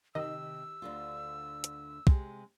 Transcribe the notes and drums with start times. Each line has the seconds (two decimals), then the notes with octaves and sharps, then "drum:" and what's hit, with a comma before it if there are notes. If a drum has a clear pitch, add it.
0.15 C3 D#3 D#5 E6
0.82 D2 D3 F4
1.64 drum: hi-hat
2.07 C3 G#3, drum: kick